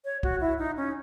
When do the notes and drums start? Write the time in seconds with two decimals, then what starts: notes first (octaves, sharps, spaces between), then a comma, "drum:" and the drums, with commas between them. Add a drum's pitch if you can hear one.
0.05 C#5
0.23 F#4, drum: kick
0.41 E4
0.59 D#4
0.77 C#4